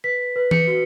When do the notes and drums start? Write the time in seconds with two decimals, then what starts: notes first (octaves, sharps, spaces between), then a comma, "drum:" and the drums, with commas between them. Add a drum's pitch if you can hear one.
0.04 B4 B6
0.36 B4
0.51 C#7, drum: tom E3
0.67 F#4